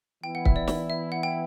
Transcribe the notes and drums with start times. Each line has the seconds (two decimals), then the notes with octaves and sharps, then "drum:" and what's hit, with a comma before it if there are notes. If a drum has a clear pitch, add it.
0.23 E3 B3 E4 G5
0.35 F#5
0.45 E5, drum: kick
0.56 D5
0.68 D5, drum: snare
0.90 E5
1.12 F#5
1.23 G5